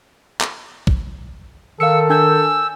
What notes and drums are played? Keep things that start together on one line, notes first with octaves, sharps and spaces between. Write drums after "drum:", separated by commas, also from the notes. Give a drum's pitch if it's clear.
drum: clap
drum: kick
D#3 A4 F5 E6 C#7
D4 G#5 E6 G6